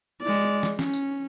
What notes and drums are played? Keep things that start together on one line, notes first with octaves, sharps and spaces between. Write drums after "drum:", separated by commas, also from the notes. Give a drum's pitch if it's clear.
G#3 D5
drum: snare
C#4, drum: snare
drum: tambourine